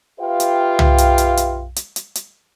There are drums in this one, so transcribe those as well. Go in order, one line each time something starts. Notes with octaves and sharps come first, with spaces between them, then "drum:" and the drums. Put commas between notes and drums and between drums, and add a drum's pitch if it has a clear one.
F4 G4 B4 E5 F5 G5
drum: hi-hat
drum: tom
drum: hi-hat
drum: hi-hat
drum: hi-hat
drum: hi-hat
drum: hi-hat
drum: hi-hat